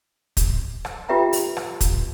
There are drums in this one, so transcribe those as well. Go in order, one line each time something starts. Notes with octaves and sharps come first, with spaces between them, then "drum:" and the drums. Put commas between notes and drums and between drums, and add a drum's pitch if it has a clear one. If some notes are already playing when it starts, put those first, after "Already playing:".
drum: kick, hi-hat
drum: rim click
F4 G4 B4 E5 G5 A#5
drum: open hi-hat
drum: rim click
drum: kick, hi-hat